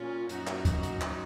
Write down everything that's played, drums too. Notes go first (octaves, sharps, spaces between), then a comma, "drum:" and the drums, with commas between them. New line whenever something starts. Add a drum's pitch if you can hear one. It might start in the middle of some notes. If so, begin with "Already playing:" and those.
Already playing: A#2 C#4 F4
F#2 D#4 F#4, drum: hi-hat
drum: clap
drum: kick, hi-hat
drum: hi-hat
drum: clap